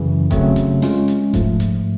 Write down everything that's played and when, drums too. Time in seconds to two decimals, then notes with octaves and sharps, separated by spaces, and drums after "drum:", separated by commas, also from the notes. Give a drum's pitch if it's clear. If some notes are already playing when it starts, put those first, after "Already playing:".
Already playing: F#2 C#3 E3
0.31 C#3 F#3 A3 C4, drum: kick D#1, hi-hat
0.56 drum: hi-hat
0.82 G#3 C#4 F4, drum: open hi-hat
1.08 drum: hi-hat
1.33 G#2 F3 A3, drum: kick D#1, hi-hat
1.60 drum: hi-hat